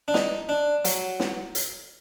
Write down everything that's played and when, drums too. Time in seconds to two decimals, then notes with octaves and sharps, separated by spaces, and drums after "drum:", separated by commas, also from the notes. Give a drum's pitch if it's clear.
0.08 D4
0.14 D#4, drum: snare
0.49 D4
0.85 F#3, drum: hi-hat
1.20 drum: snare
1.55 drum: hi-hat